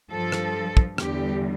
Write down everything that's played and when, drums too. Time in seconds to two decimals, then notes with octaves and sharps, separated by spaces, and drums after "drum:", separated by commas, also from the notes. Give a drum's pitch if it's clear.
0.10 G2 F3 A4
0.32 drum: rim click
0.77 drum: kick
0.98 E2 D3 G3 G4, drum: rim click